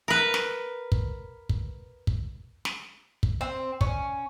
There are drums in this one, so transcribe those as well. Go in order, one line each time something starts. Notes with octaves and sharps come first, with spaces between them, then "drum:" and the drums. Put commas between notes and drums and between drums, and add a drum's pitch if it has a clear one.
A#4 B4
drum: snare
drum: kick
drum: kick
drum: kick
drum: snare
drum: kick
C4
C#4, drum: kick